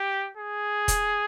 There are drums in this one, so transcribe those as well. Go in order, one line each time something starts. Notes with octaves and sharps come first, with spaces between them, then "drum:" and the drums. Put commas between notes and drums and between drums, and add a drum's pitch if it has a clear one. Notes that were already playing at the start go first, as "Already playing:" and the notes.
Already playing: G4
G#4
drum: kick, hi-hat